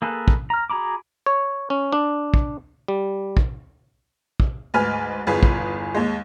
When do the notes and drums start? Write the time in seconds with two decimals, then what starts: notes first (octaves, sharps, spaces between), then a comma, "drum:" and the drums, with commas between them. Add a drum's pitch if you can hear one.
0.02 A#3 G#4 A4 B4
0.28 drum: kick
0.50 A#5 F6
0.70 F#4 G#4 A#5 B5 D6
1.26 C#5
1.70 C#4
1.93 D4
2.34 drum: kick
2.88 G3
3.37 drum: kick
4.40 drum: kick
4.74 D2 G#2 B4 G#5 F6
5.27 G1 E2 F4 G#4 B4
5.43 drum: kick
5.95 D#2 G#3